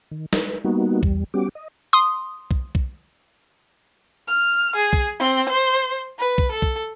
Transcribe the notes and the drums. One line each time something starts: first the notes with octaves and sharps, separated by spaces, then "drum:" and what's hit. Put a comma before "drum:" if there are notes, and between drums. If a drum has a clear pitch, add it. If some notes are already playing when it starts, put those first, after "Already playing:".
D#3
B4, drum: snare
G3 A#3 B3 D#4 F#4
E2 G3, drum: kick B1
G3 B3 C#4 F#4 G4 D6
D#5
C6 D#6
drum: kick B1
drum: kick B1
F6
G#4
drum: kick B1
C4
C5
B4
drum: kick B1
A4
drum: kick B1